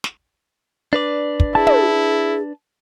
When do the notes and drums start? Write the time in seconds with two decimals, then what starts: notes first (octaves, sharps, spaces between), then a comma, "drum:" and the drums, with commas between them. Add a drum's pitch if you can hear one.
0.04 drum: snare
0.93 D4 B4 D5
1.40 drum: kick
1.55 E4 G#4 A5
1.67 drum: tom